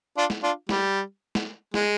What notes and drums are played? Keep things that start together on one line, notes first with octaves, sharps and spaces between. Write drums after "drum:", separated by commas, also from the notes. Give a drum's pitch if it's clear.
D4 F4
drum: snare
D4 F4
G3, drum: snare
drum: snare
G#3, drum: snare